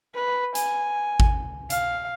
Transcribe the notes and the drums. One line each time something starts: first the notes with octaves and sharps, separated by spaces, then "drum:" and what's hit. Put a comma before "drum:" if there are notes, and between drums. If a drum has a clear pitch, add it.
B4
G#5, drum: hi-hat
drum: kick G#1
F5, drum: hi-hat